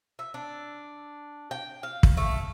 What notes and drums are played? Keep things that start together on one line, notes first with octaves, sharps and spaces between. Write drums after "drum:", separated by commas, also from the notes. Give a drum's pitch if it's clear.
E5
D4
G5
F5
drum: kick
A3